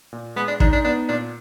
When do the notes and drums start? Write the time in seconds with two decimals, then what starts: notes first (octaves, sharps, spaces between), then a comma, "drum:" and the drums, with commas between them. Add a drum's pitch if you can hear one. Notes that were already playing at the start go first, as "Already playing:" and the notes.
0.13 A#2
0.36 G#3 B3
0.48 D4
0.60 D4 D#4, drum: kick
0.73 D4
0.85 B3 D4
1.09 A#2 D4